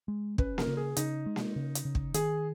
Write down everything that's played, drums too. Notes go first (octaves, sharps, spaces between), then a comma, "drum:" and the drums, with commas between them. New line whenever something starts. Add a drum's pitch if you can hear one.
G#3
C#4 B4, drum: kick
A#4, drum: snare A#3
C#3
G#4
C#3 D#4, drum: hi-hat
G#3
drum: snare A#3
C#3
drum: hi-hat
C#3
drum: kick
D#3 G#4, drum: hi-hat